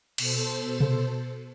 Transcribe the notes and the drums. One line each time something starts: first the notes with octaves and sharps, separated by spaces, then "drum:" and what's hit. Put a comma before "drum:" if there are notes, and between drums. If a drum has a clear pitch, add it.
B2 A4 C5, drum: cymbal
drum: tom C3